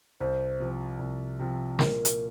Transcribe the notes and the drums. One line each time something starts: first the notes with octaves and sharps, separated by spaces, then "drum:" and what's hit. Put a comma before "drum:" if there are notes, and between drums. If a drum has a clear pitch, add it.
C2 C5
C3 F3
C2
C3 F3
A#2 A#4, drum: snare
drum: hi-hat